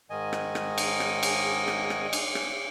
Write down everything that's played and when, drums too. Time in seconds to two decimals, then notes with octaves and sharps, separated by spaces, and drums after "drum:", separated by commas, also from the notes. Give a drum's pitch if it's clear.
0.10 G#2 D#3 D#5 G#5
0.33 drum: rim click
0.55 drum: rim click
0.78 drum: cymbal
1.00 drum: rim click
1.23 drum: cymbal
1.68 drum: rim click
1.90 drum: rim click
2.13 drum: cymbal
2.35 drum: rim click